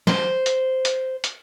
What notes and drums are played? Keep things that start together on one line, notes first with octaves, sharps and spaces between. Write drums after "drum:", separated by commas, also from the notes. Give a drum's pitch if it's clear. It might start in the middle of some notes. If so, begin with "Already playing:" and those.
C5, drum: snare
drum: hi-hat
drum: hi-hat
drum: hi-hat